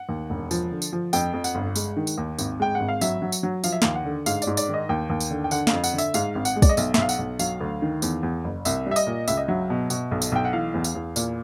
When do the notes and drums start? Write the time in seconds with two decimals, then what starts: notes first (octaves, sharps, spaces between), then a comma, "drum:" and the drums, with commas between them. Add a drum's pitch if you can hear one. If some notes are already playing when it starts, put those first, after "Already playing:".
Already playing: F#5
0.09 D#2
0.30 E1
0.51 F3, drum: tambourine
0.71 D3
0.82 drum: tambourine
0.93 F3
1.13 F2 G5, drum: tambourine
1.33 F2
1.44 F#5, drum: tambourine
1.55 G1
1.76 G#3, drum: tambourine
1.97 D#3
2.07 drum: tambourine
2.18 D#2
2.39 G#1, drum: tambourine
2.60 G#3 G5
2.75 F#5
2.80 G#1
2.89 F5
3.01 F#3 E5, drum: tambourine
3.22 F#3
3.32 drum: tambourine
3.43 F#3
3.64 F3 F5, drum: tambourine
3.72 E5
3.82 D#2 F5, drum: snare
3.95 F#5
4.05 D3
4.26 G#2 F5, drum: tambourine
4.42 D5, drum: tambourine
4.47 G#2
4.57 D5, drum: tambourine
4.69 D#3 D#5
4.89 D#2 G5
5.10 D#2
5.20 drum: tambourine
5.31 D3
5.44 G5
5.51 D3 F#5, drum: tambourine
5.67 F5, drum: snare
5.73 F2
5.84 F#5, drum: tambourine
5.93 D3
5.98 E5, drum: tambourine
6.14 G#2 F5, drum: tambourine
6.35 G#1
6.45 F#5, drum: tambourine
6.56 G#3
6.62 D5, drum: kick, tambourine
6.69 D#5
6.77 B1 E5, drum: tambourine
6.94 E5, drum: snare
6.97 B1 F5
7.09 F#5, drum: tambourine
7.19 B1
7.39 F#3 F5, drum: tambourine
7.61 D2
7.82 D#3
8.02 E2, drum: tambourine
8.23 E2
8.44 F#1
8.65 C2 E5, drum: tambourine
8.86 G3 E5
8.96 D#5, drum: tambourine
9.07 A#2
9.28 C#2 E5, drum: tambourine
9.37 D#5
9.48 F#3 E5
9.70 B2
9.90 B2, drum: tambourine
10.11 B1
10.22 drum: tambourine
10.32 B1 G5
10.45 F#5
10.53 E3 F5
10.74 E2
10.84 drum: tambourine
10.95 E2
11.16 A#2, drum: tambourine